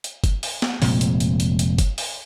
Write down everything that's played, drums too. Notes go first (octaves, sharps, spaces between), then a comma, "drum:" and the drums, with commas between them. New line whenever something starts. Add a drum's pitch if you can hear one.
drum: hi-hat
drum: kick G1, hi-hat
drum: open hi-hat
drum: snare
F1 A#2 G#3 C4, drum: open hi-hat
drum: hi-hat
drum: hi-hat
drum: hi-hat
drum: hi-hat
drum: kick G1, hi-hat
drum: open hi-hat